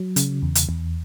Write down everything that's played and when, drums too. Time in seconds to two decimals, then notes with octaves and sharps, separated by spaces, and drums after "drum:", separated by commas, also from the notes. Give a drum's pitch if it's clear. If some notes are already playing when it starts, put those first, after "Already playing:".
Already playing: F#3
0.16 C#3, drum: hi-hat
0.42 E2
0.55 drum: hi-hat
0.69 E2